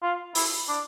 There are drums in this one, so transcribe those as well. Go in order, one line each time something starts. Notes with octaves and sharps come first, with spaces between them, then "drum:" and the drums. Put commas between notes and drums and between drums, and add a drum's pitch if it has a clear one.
F4
E4, drum: open hi-hat
D4